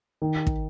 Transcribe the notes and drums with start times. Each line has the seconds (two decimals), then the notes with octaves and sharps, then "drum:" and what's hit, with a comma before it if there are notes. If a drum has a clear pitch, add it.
0.22 D#3
0.47 drum: kick